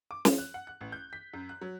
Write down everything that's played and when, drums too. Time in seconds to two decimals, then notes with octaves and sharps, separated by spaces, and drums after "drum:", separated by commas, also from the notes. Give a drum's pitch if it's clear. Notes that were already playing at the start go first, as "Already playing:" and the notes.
0.11 D6
0.25 F3, drum: snare
0.38 F#6
0.54 F#5
0.67 F#6
0.81 A1
0.92 G6
1.13 B6
1.34 F#2
1.49 F#6
1.61 F#3